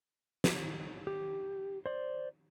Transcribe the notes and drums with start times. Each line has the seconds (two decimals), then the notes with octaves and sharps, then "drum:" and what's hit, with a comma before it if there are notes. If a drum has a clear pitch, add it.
0.44 drum: snare
1.07 G4
1.86 C5 D5